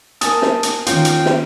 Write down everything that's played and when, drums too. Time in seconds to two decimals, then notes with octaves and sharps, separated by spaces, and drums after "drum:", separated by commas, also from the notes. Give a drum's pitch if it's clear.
0.21 A#4 G#5 A5 D#6, drum: hi-hat
0.42 drum: snare
0.63 drum: hi-hat
0.86 D#3 C#4 F4 B4 G5 C7, drum: hi-hat
1.05 drum: hi-hat
1.26 drum: snare